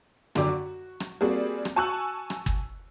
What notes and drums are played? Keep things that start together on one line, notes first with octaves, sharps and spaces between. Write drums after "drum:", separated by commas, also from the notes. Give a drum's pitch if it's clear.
F#2 D3 G4 D5 D6, drum: rim click
F#4
drum: rim click
G3 A#3 C4 F#4 G#4 D5
drum: rim click
F#4 G#5 A5 C#6 E6 F#6
drum: rim click
drum: kick